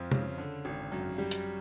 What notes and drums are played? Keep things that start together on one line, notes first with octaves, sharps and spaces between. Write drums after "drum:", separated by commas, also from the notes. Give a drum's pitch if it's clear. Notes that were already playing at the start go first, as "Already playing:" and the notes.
Already playing: F2 F3
C#3, drum: tom
D3
G#1
F#2
G3
drum: hi-hat